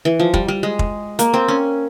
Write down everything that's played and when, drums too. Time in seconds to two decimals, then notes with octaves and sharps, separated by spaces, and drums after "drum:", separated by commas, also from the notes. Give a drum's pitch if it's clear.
0.05 E3
0.20 F3
0.34 G3, drum: kick
0.48 G3
0.63 G#3
0.79 drum: kick
1.19 A#3, drum: hi-hat
1.34 C4
1.48 C#4